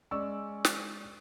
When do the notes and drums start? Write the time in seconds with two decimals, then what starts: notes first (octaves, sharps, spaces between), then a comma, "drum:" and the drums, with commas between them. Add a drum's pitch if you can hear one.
0.11 G#3 C#4 D5 C#6 E6
0.65 drum: snare